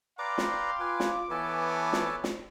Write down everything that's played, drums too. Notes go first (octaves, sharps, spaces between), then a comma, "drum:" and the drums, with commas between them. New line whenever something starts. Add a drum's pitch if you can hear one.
B4 D5 F5 G5 A#5 C6 D6
drum: snare
F4 B4 G#5
drum: snare
E3 B3 A4 C#5 G#5 A5
drum: snare
drum: snare